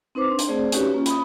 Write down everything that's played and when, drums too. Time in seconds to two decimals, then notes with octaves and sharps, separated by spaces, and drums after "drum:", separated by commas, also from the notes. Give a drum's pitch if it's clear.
0.15 C4 D#4 B4 C5 D6
0.30 D4 C6
0.39 drum: hi-hat
0.48 A3 C4 G#4 C5 D5
0.72 C#4 D#4 F#4 G4 B4 C#5, drum: hi-hat
0.94 A#3 C#4 F4
1.06 B5 D#6, drum: hi-hat